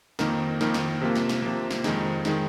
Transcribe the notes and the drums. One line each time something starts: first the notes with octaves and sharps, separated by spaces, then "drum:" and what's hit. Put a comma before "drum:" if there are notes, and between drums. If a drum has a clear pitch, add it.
F2 D#3 A#3 D#4 A#4, drum: snare
F2 D#3 A#3 D#4 A#4, drum: snare
drum: snare
C3 F3 A#3
drum: snare
drum: snare
C3 F3 A#3
drum: snare
F2 D#3 G#3 D#4, drum: snare
D#3 G#3 D#4, drum: snare